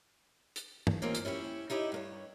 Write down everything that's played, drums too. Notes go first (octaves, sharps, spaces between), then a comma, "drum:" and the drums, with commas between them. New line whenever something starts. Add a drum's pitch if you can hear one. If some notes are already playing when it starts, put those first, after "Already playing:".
drum: hi-hat
drum: tom
D#2 A#3 C4 C#4 F4 C#5
drum: hi-hat
C#4 E4 G4 C#5
D#4 E4 G4 C#5 D#5
G2 A#4 C#5